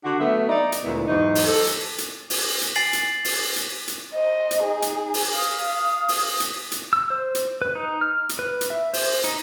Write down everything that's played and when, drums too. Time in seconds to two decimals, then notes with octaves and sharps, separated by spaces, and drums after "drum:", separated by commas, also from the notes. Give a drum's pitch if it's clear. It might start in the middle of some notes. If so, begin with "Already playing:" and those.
0.04 D3 D4 F#4
0.20 F#3 A3 B3 E5
0.49 D#4 D5
0.72 drum: hi-hat
0.84 D2 A#2 G#3 B3 E4
1.07 E2 G#2 F#3 D#4
1.35 drum: open hi-hat
1.46 A4
1.67 drum: hi-hat
1.98 drum: hi-hat
2.30 drum: open hi-hat
2.61 drum: hi-hat
2.75 G#5 A6 C7 F#7
2.93 drum: hi-hat
3.25 drum: open hi-hat
3.56 drum: hi-hat
3.88 drum: hi-hat
4.15 C5 D#5
4.51 drum: hi-hat
4.64 D#4 G#4
4.82 drum: hi-hat
5.14 drum: open hi-hat
5.36 F5 D#6
6.08 drum: open hi-hat
6.40 drum: hi-hat
6.72 drum: hi-hat
6.93 E6
7.10 C5
7.35 drum: hi-hat
7.62 B4
7.75 D#4
8.01 F6
8.29 drum: hi-hat
8.39 B4
8.61 drum: hi-hat
8.70 E5
8.94 C5, drum: open hi-hat
9.24 D#4, drum: hi-hat